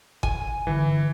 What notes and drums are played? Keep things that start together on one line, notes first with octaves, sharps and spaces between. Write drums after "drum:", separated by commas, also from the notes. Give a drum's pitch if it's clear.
G#5, drum: kick G1
G1 D3 E3